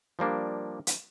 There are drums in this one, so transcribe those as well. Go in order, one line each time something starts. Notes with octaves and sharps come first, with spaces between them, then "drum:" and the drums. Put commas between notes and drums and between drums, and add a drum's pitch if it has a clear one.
F3 G3 A#3 D4
drum: hi-hat